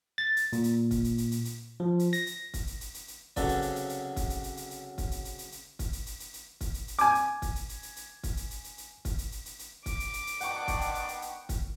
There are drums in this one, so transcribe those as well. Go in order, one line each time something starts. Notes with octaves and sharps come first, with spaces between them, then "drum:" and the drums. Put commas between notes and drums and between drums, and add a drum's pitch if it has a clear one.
A6
drum: hi-hat
A#2, drum: hi-hat
drum: hi-hat
drum: kick, hi-hat
drum: hi-hat
drum: hi-hat
drum: hi-hat
drum: hi-hat
F3
drum: hi-hat
A#6, drum: hi-hat
drum: hi-hat
drum: kick, hi-hat
drum: hi-hat
drum: hi-hat
drum: hi-hat
drum: hi-hat
C2 C#3 F#3 A4 B4 D5, drum: kick, hi-hat
drum: hi-hat
drum: hi-hat
drum: hi-hat
drum: hi-hat
drum: kick, hi-hat
drum: hi-hat
drum: hi-hat
drum: hi-hat
drum: hi-hat
drum: kick, hi-hat
drum: hi-hat
drum: hi-hat
drum: hi-hat
drum: hi-hat
drum: kick, hi-hat
drum: hi-hat
drum: hi-hat
drum: hi-hat
drum: hi-hat
drum: kick, hi-hat
drum: hi-hat
drum: hi-hat
G#5 D6, drum: hi-hat
drum: hi-hat
drum: kick, hi-hat
drum: hi-hat
drum: hi-hat
drum: hi-hat
drum: hi-hat
drum: kick, hi-hat
drum: hi-hat
drum: hi-hat
drum: hi-hat
drum: hi-hat
drum: kick, hi-hat
drum: hi-hat
drum: hi-hat
drum: hi-hat
drum: hi-hat
D6, drum: kick, hi-hat
drum: hi-hat
drum: hi-hat
drum: hi-hat
D#3 B3 D4 F#5 G5 C#6, drum: hi-hat
drum: kick, hi-hat
drum: hi-hat
drum: hi-hat
drum: hi-hat
drum: hi-hat
drum: kick, hi-hat